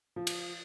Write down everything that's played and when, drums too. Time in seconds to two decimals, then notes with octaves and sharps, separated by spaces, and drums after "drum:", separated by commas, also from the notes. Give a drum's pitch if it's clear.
0.16 F3
0.27 drum: cymbal